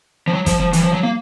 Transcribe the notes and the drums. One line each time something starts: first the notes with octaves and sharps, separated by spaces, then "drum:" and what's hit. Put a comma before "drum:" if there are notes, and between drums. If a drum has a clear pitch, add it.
F3
F#3
F3, drum: kick, hi-hat
F3
E3, drum: hi-hat
F3
F#3
A#3